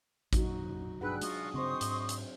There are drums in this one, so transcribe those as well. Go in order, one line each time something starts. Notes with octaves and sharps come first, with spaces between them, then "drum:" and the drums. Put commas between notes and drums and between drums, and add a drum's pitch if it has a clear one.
F2 A#2 F#3 D4 D#4 F#4, drum: kick A1, hi-hat
G2 D4 G#4 B4 F#5 G5 E6 F#6
G#3 F4 F#4 D#6, drum: hi-hat
G2 C#3 C4 C5 D#5 C6 C#6
G#2, drum: hi-hat
drum: hi-hat